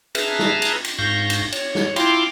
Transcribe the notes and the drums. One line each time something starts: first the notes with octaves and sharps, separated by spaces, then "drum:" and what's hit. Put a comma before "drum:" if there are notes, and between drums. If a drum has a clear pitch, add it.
G#4 B4 E5 A5 A#5 F6, drum: cymbal
drum: snare
drum: cymbal
drum: cymbal
G#2 F5 C#6 G6 A#6
drum: cymbal
C#5, drum: cymbal
drum: snare
E4 F4 F5 G5 C6 D6, drum: cymbal